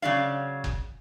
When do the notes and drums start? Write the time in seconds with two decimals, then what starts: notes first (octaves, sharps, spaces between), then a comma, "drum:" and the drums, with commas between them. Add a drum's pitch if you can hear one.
0.02 C#3 F#3 D5 F5
0.64 drum: kick F#1